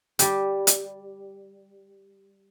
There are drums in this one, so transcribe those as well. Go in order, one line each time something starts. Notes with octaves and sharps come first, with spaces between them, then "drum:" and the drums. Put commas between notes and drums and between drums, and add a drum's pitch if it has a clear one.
G3 G4, drum: hi-hat
drum: hi-hat